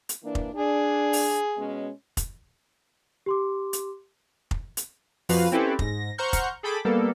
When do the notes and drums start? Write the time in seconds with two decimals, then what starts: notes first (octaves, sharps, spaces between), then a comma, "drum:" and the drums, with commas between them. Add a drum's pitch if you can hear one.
0.09 drum: hi-hat
0.24 E3 A#3 D4
0.35 drum: kick F1
0.55 D4 G#4
1.13 drum: open hi-hat
1.58 B2 G#3 C#4
2.17 drum: kick F1, hi-hat
3.26 G4 C6 D6
3.73 drum: hi-hat
4.51 drum: kick F1
4.77 drum: hi-hat
5.29 F2 F3 F#4 B4 F5, drum: open hi-hat
5.52 C4 C#4 E4 G4 A4 B4
5.79 G#2 A#6, drum: kick F1
6.18 C5 F#5 A#5 C#6 F6 G6
6.33 drum: kick F1, hi-hat
6.63 G#4 A4 G5 B5 D6
6.85 G3 A#3 B3 A4